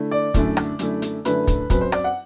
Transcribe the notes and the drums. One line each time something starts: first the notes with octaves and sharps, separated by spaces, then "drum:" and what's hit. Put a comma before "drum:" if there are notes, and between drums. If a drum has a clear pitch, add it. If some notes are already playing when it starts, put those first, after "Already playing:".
Already playing: D3 A3 E4
D5
F#2 D3 A3 E4, drum: kick, hi-hat
drum: rim click
F#2 D3 A3 E4, drum: hi-hat
drum: hi-hat
F#2 D3 A3 E4 B4, drum: hi-hat
drum: kick, hi-hat
F#2 F#3 C4 B4, drum: kick, hi-hat
C5
D5, drum: rim click
F#5